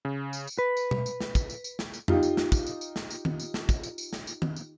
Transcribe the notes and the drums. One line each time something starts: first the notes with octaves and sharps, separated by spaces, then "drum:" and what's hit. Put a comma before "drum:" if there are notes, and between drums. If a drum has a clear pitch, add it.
C#3
drum: tambourine
drum: tambourine
B4
drum: tambourine
drum: tom B2
drum: tambourine
drum: snare
drum: kick, tambourine
drum: tambourine
drum: tambourine
drum: snare
drum: tambourine
D#4 F4 G4, drum: tom F2
drum: tambourine
drum: snare
drum: kick, tambourine
drum: tambourine
drum: tambourine
drum: snare
drum: tambourine
drum: tom D#3
drum: tambourine
drum: snare
drum: kick, tambourine
drum: tambourine
drum: tambourine
drum: snare
drum: tambourine
drum: tom D#3
drum: tambourine